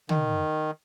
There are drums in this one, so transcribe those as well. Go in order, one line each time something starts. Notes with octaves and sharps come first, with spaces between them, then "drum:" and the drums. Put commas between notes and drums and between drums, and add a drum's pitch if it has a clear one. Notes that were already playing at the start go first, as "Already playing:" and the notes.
D#3, drum: tom